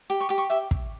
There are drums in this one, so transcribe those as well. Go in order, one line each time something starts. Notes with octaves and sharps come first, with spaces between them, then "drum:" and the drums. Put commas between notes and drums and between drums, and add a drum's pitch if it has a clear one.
G4
C#6
G4 D6
C#6
G4 E5
drum: kick